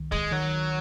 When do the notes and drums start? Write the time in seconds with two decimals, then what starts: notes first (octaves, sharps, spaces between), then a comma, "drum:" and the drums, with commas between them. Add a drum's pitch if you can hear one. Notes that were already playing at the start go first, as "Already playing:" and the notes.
Already playing: C2 D#3
0.12 G#3, drum: kick
0.32 D#3 F#3